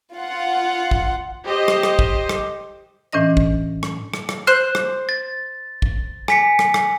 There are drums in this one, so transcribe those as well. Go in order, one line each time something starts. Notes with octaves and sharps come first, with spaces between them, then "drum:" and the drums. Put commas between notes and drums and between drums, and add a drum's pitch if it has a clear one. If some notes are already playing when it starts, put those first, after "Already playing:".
F4 F#5
drum: kick
G4 C5 D#5
drum: rim click
drum: rim click
drum: kick
drum: rim click
A2 E3 C#4 D4 D#5 A#6
drum: kick
drum: rim click
drum: rim click
drum: rim click
C5 F#6
drum: rim click
A6
drum: kick
G#5 B6 C#7, drum: rim click
drum: rim click
drum: rim click